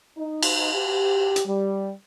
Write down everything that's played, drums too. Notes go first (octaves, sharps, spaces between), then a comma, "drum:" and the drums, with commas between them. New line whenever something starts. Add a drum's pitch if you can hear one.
D#4
drum: cymbal
G4
drum: hi-hat
G3